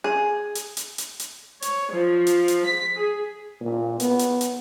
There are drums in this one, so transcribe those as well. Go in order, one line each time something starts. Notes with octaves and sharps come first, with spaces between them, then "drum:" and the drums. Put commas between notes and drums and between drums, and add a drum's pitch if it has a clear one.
G#4
drum: hi-hat
drum: hi-hat
drum: hi-hat
drum: hi-hat
C#5, drum: hi-hat
F3
drum: hi-hat
drum: hi-hat
B6
G#4
A#2
B3, drum: hi-hat
drum: hi-hat
drum: hi-hat